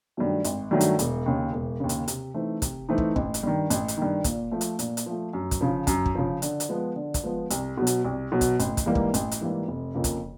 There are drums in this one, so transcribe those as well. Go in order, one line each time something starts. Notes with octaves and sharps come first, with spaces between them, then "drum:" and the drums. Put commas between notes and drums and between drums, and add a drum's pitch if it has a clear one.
G2 D#3 F#3 A3
G#1, drum: hi-hat
G2 D#3 F#3 A3
drum: hi-hat
E1, drum: hi-hat
D#2 C#3
E1
D#2 C#3
drum: hi-hat
C3, drum: hi-hat
E3 A3 C4 D#4
C3, drum: kick, hi-hat
E3 A3 C4 D#4
drum: kick
A1, drum: kick
drum: hi-hat
G2 D#3
A1, drum: hi-hat
drum: hi-hat
G2 D#3
A#2, drum: kick, hi-hat
F3 A3
drum: hi-hat
A#2, drum: hi-hat
drum: hi-hat
F3 A3
F#2
drum: kick, hi-hat
C#3 F3
F#2, drum: kick, hi-hat
drum: kick
C#3 F3
D3, drum: hi-hat
drum: hi-hat
F3 G#3 B3
D3
drum: kick, hi-hat
F3 G#3 B3
C2, drum: hi-hat
B2 F#3
drum: hi-hat
C2
B2 F#3
drum: kick, hi-hat
A1, drum: hi-hat
drum: kick, hi-hat
G#2 E3 G3 A#3
drum: kick
A1, drum: hi-hat
drum: hi-hat
G#2 E3 G3 A#3
F1
F2 C#3 F3 A#3
drum: kick, hi-hat